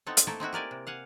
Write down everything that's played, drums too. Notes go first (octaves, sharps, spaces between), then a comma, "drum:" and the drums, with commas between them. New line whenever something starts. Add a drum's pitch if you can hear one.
B3 C4 D#4 E4 A4
drum: hi-hat
A3 A#3 E4 A4 A#4
C4 D#4 E4 F#4
G4 A#4 D5 G#5
C3
F5 F#5 G#5